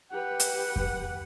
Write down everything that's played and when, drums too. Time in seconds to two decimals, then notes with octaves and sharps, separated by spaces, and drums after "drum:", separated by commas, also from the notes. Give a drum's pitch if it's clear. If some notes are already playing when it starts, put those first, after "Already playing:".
0.11 G4 B4 F#5
0.40 drum: hi-hat
0.76 drum: kick F2